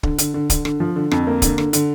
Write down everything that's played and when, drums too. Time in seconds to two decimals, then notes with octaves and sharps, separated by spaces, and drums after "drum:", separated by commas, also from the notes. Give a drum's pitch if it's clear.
0.03 D3, drum: kick
0.18 D3, drum: hi-hat
0.34 D3
0.50 D3, drum: kick, hi-hat
0.65 D3, drum: rim click
0.80 F3
0.96 D3
1.11 F2, drum: rim click
1.27 A#3
1.42 D3, drum: kick, hi-hat
1.58 D3, drum: rim click
1.73 D3, drum: hi-hat